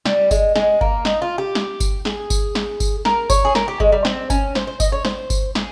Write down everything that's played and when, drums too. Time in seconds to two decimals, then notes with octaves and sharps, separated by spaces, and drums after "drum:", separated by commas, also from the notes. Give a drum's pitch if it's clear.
0.05 G3, drum: snare
0.31 G#3, drum: kick G1, tambourine
0.56 G#3, drum: snare
0.81 A#3, drum: kick G1
1.05 D#4, drum: snare
1.22 F4
1.38 G4
1.55 drum: snare
1.80 drum: kick G1, tambourine
2.05 G#4, drum: snare
2.30 drum: kick G1, tambourine
2.55 drum: snare
2.80 drum: kick G1, tambourine
3.05 A#4, drum: snare
3.30 C#5, drum: kick G1, tambourine
3.45 G#4
3.55 A#4, drum: snare
3.68 G4
3.80 G#3, drum: kick G1
3.92 G3
4.05 C4, drum: snare
4.30 C#4, drum: kick G1, tambourine
4.55 C5, drum: snare
4.67 C5
4.80 D#5, drum: kick G1, tambourine
4.92 C#5
5.05 C5, drum: snare
5.30 drum: kick G1, tambourine
5.55 G#4, drum: snare